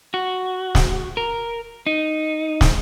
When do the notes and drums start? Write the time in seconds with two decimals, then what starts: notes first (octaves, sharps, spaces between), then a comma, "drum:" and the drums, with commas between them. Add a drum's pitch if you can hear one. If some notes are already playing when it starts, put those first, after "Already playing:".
0.14 F#4
0.75 drum: snare
1.17 A#4
1.87 D#4
2.61 drum: snare